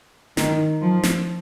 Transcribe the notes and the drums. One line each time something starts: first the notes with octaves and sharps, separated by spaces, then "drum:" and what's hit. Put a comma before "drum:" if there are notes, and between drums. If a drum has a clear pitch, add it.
D#3, drum: snare
F3
drum: snare